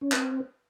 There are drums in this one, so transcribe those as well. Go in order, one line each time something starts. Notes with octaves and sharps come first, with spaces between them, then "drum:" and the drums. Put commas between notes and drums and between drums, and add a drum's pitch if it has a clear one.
C#4
C4, drum: clap